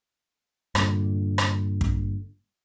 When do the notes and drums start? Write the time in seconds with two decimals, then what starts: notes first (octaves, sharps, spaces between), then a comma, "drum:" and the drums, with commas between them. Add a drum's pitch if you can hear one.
0.75 G2 A#2 D3, drum: rim click
1.38 drum: rim click
1.81 drum: kick